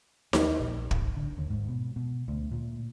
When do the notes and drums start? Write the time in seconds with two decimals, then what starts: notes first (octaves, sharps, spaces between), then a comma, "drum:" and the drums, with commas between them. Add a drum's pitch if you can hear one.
0.33 D#2, drum: snare D#4
0.60 A#1
0.91 G#1, drum: kick
1.17 D3
1.38 D#2
1.50 G#2
1.68 B2
1.96 B2
2.28 D2
2.52 A#2